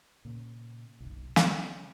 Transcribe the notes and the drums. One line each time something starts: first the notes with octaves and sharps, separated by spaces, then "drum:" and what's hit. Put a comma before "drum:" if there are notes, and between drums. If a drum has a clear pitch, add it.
A#2 C#3
F#1 B1
C#3, drum: snare